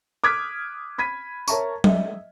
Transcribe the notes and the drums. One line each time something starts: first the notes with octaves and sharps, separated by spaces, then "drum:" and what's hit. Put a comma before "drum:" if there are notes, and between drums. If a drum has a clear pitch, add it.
D6 D#6 F6 F#6 G#6 B6
B5 G#6 B6 D#7
A#4 C#5 E5 A5 A#5 C#6, drum: tambourine
D#5 E5, drum: tom F#3